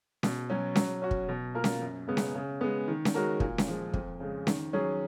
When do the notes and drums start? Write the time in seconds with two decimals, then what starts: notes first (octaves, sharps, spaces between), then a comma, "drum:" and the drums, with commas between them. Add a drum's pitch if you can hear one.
0.23 B2, drum: snare C#4
0.50 F#3 C#4
0.76 F#3, drum: snare C#4
1.02 C#4 F#4
1.11 drum: kick
1.29 B2
1.54 A#3 F4 A#4
1.64 drum: snare C#4
1.81 F#2
2.08 C#3 G#3 B3
2.17 drum: snare C#4
2.35 C#3
2.61 G#3 B3
2.88 D#3
3.05 drum: snare C#4
3.14 G#3 C#4 F#4 A#4
3.40 A#2, drum: kick
3.58 drum: snare C#4
3.67 F3 G#3
3.94 F2, drum: kick
4.20 C#3 G#3
4.47 D#3, drum: snare C#4
4.73 F#3 C#4 G#4